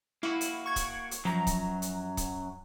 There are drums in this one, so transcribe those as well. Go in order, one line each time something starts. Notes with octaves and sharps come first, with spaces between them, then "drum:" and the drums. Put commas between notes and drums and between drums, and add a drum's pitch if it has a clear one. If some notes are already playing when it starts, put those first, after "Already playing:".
A#3 E4 F#4
drum: hi-hat
C#6 G#6
drum: kick C#1, hi-hat
drum: hi-hat
F#2 F3 F#3 A#5
drum: kick C#1, hi-hat
drum: hi-hat
drum: kick C#1, hi-hat